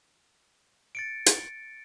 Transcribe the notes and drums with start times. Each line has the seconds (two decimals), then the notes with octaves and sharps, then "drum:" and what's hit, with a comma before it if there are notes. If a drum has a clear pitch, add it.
0.95 A6 C#7 D7
1.26 drum: hi-hat